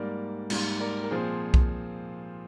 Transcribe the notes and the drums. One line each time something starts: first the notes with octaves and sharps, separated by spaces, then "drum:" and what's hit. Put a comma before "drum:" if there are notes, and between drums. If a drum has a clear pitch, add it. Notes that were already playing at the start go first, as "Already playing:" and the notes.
Already playing: G#2 G3 A#3 A#4 D5
G#2 G3 A#3, drum: cymbal
A#4 D5
A#4
A#2 F3 C4 G#4 C5
drum: kick B1